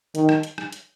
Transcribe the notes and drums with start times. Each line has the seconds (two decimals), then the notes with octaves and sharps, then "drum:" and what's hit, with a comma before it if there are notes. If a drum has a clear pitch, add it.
0.15 D#3, drum: hi-hat
0.29 drum: rim click
0.43 drum: hi-hat
0.58 drum: rim click
0.72 drum: hi-hat